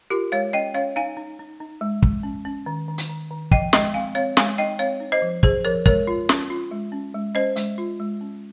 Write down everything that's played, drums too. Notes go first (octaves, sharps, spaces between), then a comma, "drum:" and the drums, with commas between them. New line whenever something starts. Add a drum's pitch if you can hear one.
F4 G4 A#4
G#3 C#5 F5
C#4 D#5 G5
C#4 C#5 F5
D#4 F5 G#5
D#4
D#4
D#4
G#3
G#3, drum: kick
C#4
C#4
D#3
D#3
drum: hi-hat
D#3
D#3
F3 D#5 G5, drum: kick
G#3 D#5 G5, drum: snare
C4 F5 G#5
C4 C#5 F5
G#3 F5 G#5, drum: snare
D#4 D#5 G5
C4 C#5 F5
D#4
C5 D#5
F3
F3 G#4 C5, drum: kick
F3 A#4 C#5
G#3 A#4 C#5, drum: kick
F4
C#4, drum: snare
F4
G#3
C#4
G#3
C#4 C5 D#5
G#3, drum: hi-hat
F4
G#3
C#4